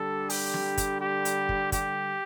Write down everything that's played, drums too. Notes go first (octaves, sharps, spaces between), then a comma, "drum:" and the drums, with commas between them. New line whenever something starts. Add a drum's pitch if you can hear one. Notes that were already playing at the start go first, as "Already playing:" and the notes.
Already playing: D3 G3 A4
G4, drum: open hi-hat
drum: snare
drum: kick, hi-hat
G4
drum: hi-hat
drum: kick
G4, drum: kick, hi-hat